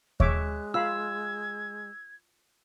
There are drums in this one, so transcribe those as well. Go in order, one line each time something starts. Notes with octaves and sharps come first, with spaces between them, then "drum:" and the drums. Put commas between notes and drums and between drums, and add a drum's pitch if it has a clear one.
G#3 C#5 E5 D6 F#6, drum: kick D#2
F4 F5 B5 E6 G#6